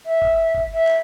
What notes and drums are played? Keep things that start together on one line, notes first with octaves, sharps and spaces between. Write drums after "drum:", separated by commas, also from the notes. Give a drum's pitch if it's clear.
E5
drum: kick F#1
drum: kick F#1
E5
drum: clap